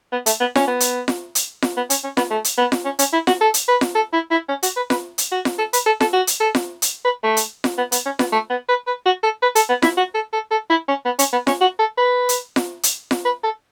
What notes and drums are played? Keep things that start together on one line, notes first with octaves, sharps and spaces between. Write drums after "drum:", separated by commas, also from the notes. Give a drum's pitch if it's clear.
B3
A3, drum: hi-hat
B3
C#4, drum: snare F4
B3
drum: hi-hat
drum: snare F4
drum: hi-hat
drum: snare F4
B3
C#4, drum: hi-hat
C#4
B3, drum: snare F4
A3
drum: hi-hat
B3
drum: snare F4
C#4
C#4, drum: hi-hat
E4
F#4, drum: snare F4
A4
drum: hi-hat
B4
drum: snare F4
A4
E4
E4
C#4
F#4, drum: hi-hat
B4
B4, drum: snare F4
drum: hi-hat
F#4
drum: snare F4
A4
B4, drum: hi-hat
A4
A4, drum: snare F4
F#4
drum: hi-hat
A4
drum: snare F4
drum: hi-hat
B4
A3
drum: hi-hat
drum: snare F4
B3
B3, drum: hi-hat
C#4
B3, drum: snare F4
A3
B3
B4
B4
F#4
A4
B4
A4, drum: hi-hat
B3
E4, drum: snare F4
F#4
A4
A4
A4
E4
C#4
B3
C#4, drum: hi-hat
B3
C#4, drum: snare F4
F#4
A4
B4
drum: hi-hat
drum: snare F4
drum: hi-hat
drum: snare F4
B4
A4